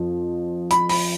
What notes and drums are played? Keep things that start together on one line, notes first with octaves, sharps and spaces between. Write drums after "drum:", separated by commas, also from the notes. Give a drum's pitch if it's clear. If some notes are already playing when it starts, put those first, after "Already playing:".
Already playing: F2 F3
B5, drum: hi-hat
B5, drum: open hi-hat